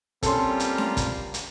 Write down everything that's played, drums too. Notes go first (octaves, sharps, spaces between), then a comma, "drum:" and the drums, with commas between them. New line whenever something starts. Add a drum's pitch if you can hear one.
G3 A#3 C4 C#4 F4 A4 C6, drum: kick, hi-hat
drum: hi-hat
drum: snare C#4
drum: kick, hi-hat
drum: hi-hat